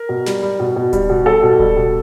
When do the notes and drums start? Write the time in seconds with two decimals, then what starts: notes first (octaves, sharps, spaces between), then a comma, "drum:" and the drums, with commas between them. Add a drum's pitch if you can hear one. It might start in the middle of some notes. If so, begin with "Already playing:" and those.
Already playing: A#4
0.09 B2
0.26 G3, drum: snare
0.43 G3
0.60 B2
0.76 B2
0.93 G3, drum: kick D1, hi-hat
1.10 B2
1.26 G3 A4
1.43 B2
1.59 G3, drum: kick D1
1.77 B2